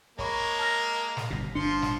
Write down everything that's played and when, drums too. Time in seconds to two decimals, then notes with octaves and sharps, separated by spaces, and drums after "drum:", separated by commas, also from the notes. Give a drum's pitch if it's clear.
0.19 G#3 A#3 C#5 A#5 B5 C#6, drum: kick
0.59 A5 F6 A#6
1.17 drum: snare
1.30 G1 B2
1.55 G1 F3 D4 C6 C#7
1.82 drum: snare